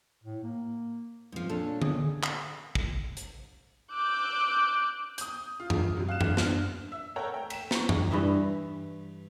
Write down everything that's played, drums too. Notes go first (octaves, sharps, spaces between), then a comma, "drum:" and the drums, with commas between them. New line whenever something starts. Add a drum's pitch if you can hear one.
A2
A#3
F2 G#2 F3
A#2 C#4 D4 A4
G#4, drum: tom D3
drum: clap
drum: kick
drum: hi-hat
D6 E6 F#6 G6
D#6 G6, drum: hi-hat
F4
drum: tom F#2
C3 F#3
F5 F#6 E7
drum: tom F#2
D4 F6, drum: snare
E5
A4 A#4 C#5 F#5 G5 A#5
A3 G5
B6 E7, drum: cymbal
A#5 C#6, drum: snare
drum: tom F#2
G2 E3 D#5 E5